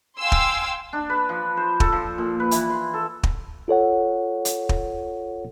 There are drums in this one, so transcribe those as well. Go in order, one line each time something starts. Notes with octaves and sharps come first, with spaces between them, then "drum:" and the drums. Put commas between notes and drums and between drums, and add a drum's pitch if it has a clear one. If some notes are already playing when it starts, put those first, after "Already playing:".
F5 G5 G#5 C6 E6
drum: kick
D4
B4
F3
C5
A4, drum: kick
F3
A#2
B4
E3, drum: hi-hat
C6
A4
drum: kick
F4 A4 C#5 F#5
drum: hi-hat
drum: kick